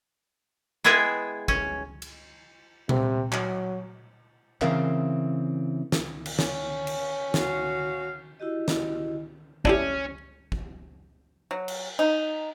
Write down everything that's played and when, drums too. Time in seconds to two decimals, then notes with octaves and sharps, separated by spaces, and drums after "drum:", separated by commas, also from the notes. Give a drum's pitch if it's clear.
0.84 G#3 B3 E4 G#4 E5 G5
1.48 C#4, drum: kick
2.02 drum: cymbal
2.89 C3, drum: tom A#2
3.32 F#3, drum: clap
4.61 C#3 E3 C4 A#4 E5 F5, drum: clap
5.92 drum: snare
6.26 drum: cymbal
6.39 C#4, drum: snare
6.87 drum: cymbal
7.34 F#4 F5, drum: snare
8.40 E4 F#4 G4 D#5
8.68 drum: snare
9.65 C#4 D4 E4 G4, drum: kick
10.52 drum: kick
11.51 F#3
11.68 drum: cymbal
11.99 D#4